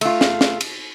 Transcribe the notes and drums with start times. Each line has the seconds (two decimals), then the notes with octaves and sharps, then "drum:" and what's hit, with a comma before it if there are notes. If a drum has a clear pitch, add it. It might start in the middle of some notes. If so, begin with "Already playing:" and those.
0.01 A3 F4, drum: cymbal
0.21 drum: snare
0.41 drum: snare
0.61 drum: cymbal